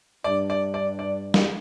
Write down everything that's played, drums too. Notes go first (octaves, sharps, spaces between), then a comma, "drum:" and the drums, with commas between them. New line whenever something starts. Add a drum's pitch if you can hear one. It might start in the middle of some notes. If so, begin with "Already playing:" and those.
G2 G3 D4 D5
D5
D5
D5
drum: snare